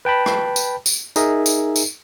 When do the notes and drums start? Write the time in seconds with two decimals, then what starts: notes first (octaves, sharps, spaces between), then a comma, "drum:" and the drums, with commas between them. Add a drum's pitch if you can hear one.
0.05 B4 G5 A5 B5
0.26 drum: rim click
0.56 drum: tambourine
0.86 drum: tambourine
1.16 D#4 G#4 A#4 D#5 E5, drum: tambourine
1.46 drum: tambourine
1.76 drum: tambourine